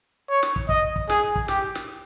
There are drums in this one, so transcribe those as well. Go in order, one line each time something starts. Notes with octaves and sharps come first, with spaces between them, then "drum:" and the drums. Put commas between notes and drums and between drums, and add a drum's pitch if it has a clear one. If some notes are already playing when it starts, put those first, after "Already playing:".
C#5
drum: snare
drum: kick
D#5, drum: kick
drum: kick
G#4, drum: snare
drum: kick
G4, drum: snare
drum: snare